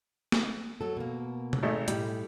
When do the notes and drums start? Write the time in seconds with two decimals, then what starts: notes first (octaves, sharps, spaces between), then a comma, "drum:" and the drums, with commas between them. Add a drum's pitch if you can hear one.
0.32 drum: snare A#3
0.81 F#3 A4
0.97 B2 A#3
1.53 drum: tom B2
1.63 G#1 A3 D#4
1.88 A2 G3, drum: hi-hat